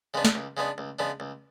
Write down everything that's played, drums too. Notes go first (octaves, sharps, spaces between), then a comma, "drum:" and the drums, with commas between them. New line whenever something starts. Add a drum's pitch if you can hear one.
C#3 G#3 B3 D4
drum: snare
C#2
C#3 G#3 B3 D4
C#2
C#3 G#3 B3 D4
C#2